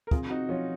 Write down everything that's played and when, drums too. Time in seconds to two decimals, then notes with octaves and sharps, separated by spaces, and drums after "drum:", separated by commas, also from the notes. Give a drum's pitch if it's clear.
0.07 A#4
0.11 C4 F4 G#4, drum: kick
0.30 C4 D#4 F#4
0.49 F3 C#4 F4